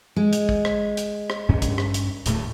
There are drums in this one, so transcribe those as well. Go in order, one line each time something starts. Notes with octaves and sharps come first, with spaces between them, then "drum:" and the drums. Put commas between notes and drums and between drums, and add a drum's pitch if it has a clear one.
G#3
drum: hi-hat
drum: kick A1
drum: rim click
drum: hi-hat
drum: rim click
G2 C#4
drum: kick A1, hi-hat
drum: rim click
drum: hi-hat
D1 A2 A3, drum: hi-hat